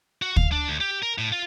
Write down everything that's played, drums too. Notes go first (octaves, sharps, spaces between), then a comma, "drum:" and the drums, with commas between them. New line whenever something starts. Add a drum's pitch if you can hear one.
F#4
F5, drum: kick
D4
D2
G4
A#4
A2
F4